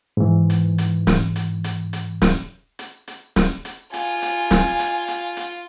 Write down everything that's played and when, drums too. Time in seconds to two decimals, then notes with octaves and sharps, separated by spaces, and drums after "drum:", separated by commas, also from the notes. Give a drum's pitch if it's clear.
0.17 G#2 E3
0.50 drum: hi-hat
0.78 drum: hi-hat
1.07 drum: snare
1.36 drum: hi-hat
1.64 drum: hi-hat
1.93 drum: hi-hat
2.22 drum: snare
2.79 drum: hi-hat
3.08 drum: hi-hat
3.36 drum: snare
3.65 drum: hi-hat
3.93 F4 G#5, drum: hi-hat
4.22 drum: hi-hat
4.51 drum: snare
4.79 drum: hi-hat
5.08 drum: hi-hat
5.37 drum: hi-hat